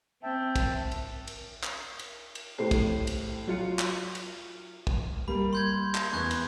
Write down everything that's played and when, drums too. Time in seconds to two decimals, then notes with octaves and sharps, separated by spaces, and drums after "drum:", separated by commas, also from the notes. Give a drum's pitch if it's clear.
0.23 C4 E5 G5 A5
0.56 drum: kick, cymbal
0.91 drum: cymbal
1.27 drum: cymbal
1.63 drum: clap
1.99 drum: cymbal
2.35 drum: cymbal
2.59 A2 G4 C5 C7
2.71 drum: kick, cymbal
3.07 drum: cymbal
3.47 F#3 F4 C#7
3.79 drum: clap
4.15 drum: cymbal
4.87 drum: kick
5.28 G3 A#3 B5
5.53 C6 G6 G#6
5.95 drum: clap
6.13 E2 C#6 F#6 G#6
6.31 drum: cymbal